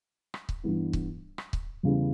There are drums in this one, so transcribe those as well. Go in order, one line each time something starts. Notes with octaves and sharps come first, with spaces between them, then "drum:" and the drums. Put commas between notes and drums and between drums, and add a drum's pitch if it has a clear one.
drum: rim click
drum: kick C#1
G2 E3 G3 B3 E4
drum: kick C#1
drum: rim click
drum: kick C#1
E2 C#3 E3 G3